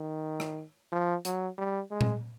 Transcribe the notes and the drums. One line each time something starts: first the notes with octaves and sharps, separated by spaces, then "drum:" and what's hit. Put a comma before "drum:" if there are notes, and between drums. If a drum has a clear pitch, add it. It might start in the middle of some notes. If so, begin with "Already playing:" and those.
Already playing: D#3
drum: rim click
F3
F#3, drum: hi-hat
G3
G#3
drum: tom A#2